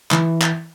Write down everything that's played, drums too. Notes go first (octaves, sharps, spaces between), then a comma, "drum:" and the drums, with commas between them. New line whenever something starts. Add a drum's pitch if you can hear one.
E3, drum: clap
drum: clap